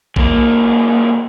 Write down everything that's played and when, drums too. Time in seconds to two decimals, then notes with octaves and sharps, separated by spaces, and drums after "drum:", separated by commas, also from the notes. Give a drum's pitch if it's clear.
0.16 C#2 A#3, drum: kick A#1